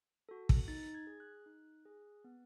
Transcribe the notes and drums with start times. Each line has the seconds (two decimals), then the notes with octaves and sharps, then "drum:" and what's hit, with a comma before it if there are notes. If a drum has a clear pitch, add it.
0.29 F#4 A4
0.49 drum: kick
0.68 D#4 A6
0.94 G#6
1.07 G#4
1.20 F#6
1.46 D#4
1.85 G#4
2.24 B3